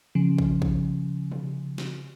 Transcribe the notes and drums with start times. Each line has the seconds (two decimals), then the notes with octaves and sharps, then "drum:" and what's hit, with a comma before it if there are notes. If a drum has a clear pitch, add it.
0.15 C#3 F3
0.38 drum: kick A#1
0.62 drum: kick A#1
1.32 drum: tom B2
1.78 drum: snare